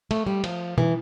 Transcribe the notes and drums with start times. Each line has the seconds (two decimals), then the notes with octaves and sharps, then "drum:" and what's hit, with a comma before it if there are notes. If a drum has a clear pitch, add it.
0.11 A3, drum: cymbal
0.27 G3
0.44 F3, drum: cymbal
0.78 E3, drum: tom B2